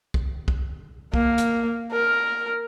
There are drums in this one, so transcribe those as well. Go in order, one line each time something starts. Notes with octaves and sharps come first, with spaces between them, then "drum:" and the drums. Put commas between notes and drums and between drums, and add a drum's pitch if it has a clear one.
drum: kick
drum: kick
A#3, drum: kick
drum: hi-hat
A#4